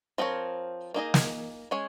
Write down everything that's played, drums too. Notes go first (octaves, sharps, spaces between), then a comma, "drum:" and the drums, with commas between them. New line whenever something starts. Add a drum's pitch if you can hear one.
F3 C4 D#4 A#4 C#5
A#3 D#4 G#4 D#5
drum: snare
G#3 C#4 G#4 C#5